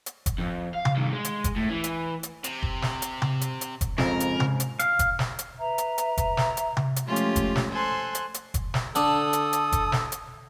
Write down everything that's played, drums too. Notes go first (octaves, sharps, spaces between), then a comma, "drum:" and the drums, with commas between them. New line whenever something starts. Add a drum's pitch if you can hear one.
drum: hi-hat
drum: kick F1, hi-hat
F2
F5
drum: tom C3
G2 D#3
G#3
drum: hi-hat
drum: kick F1, hi-hat
A2
E3
drum: hi-hat
drum: hi-hat
C3, drum: hi-hat
drum: kick F1
drum: snare
drum: hi-hat
drum: tom C3
drum: hi-hat
drum: hi-hat
drum: kick F1, hi-hat
F2 G#2 C#3 A#4, drum: snare
drum: hi-hat
drum: tom C3
drum: hi-hat
F5, drum: hi-hat
drum: kick F1, hi-hat
drum: snare
drum: hi-hat
B4 E5 A#5
drum: hi-hat
drum: hi-hat
drum: kick F1, hi-hat
drum: snare
drum: hi-hat
drum: tom C3
drum: hi-hat
F3 G#3 A3 C#4 F4 G4
drum: hi-hat
drum: kick F1, hi-hat
drum: snare
A4 C5 G#5 C6 F#6
drum: hi-hat
drum: hi-hat
drum: kick F1, hi-hat
drum: snare
D3 D4 A4 D#6, drum: hi-hat
drum: hi-hat
drum: hi-hat
drum: kick F1, hi-hat
drum: snare
drum: hi-hat